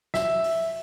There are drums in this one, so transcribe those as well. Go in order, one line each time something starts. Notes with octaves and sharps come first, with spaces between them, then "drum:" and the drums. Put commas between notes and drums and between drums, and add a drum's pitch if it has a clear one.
E5, drum: snare
drum: open hi-hat